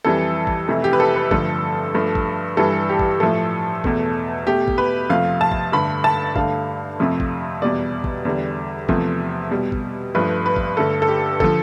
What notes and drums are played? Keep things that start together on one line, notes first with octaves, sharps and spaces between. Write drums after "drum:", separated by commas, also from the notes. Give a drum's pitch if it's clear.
F2 E3 G3 A4
drum: kick
F2 C3 E3 A3
G4
B4
A4
B4
G2 D3 F3 A3 A4, drum: kick
G2 F3 A3
drum: kick
G2 E3 G3 A4
G4
drum: kick
A2 F3 A3 A4
E2 B2 A3, drum: kick
B2 A3 G4
drum: kick
B4
F2 C3 F3 A3 F5
A5
drum: kick
G2 D3 A3 B5
A5
G2 D3 A3 F5, drum: kick
F2 C3 F3 A3
drum: kick
E2 B2 G3 D5
drum: kick
E2 D3 G3
E2 C3 F3 A3, drum: kick
B2 G3
drum: kick
G2 F3 A3 B4
B4
drum: kick
G2 D3 A3 A4
A4
G4
D3 F3 A4, drum: kick